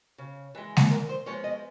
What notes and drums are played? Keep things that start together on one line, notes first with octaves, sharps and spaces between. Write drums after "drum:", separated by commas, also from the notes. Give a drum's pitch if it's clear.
C#3
E3 G#3
drum: snare G#3
A#2 A#4
C5
F3 G#3 B3 C#5
D#5